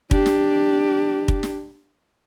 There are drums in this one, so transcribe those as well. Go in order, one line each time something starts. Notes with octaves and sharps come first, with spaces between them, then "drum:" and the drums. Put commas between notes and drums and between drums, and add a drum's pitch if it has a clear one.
D4 G4, drum: kick
drum: snare
drum: kick
drum: snare